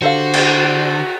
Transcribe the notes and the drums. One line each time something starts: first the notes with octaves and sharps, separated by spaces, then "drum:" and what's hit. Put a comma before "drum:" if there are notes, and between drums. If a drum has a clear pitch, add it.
D3 F#4 G4 A4 C5 F5
drum: cymbal